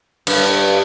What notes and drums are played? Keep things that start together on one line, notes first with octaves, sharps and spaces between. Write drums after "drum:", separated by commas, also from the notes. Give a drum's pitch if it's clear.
G2, drum: cymbal